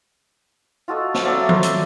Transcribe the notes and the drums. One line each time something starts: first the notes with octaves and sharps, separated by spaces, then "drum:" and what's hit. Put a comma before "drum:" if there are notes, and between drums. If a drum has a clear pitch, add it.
F4 F#4 A4 D#5
drum: snare
F3 F#3 D5 E5
A4 C5, drum: tom D#3
drum: hi-hat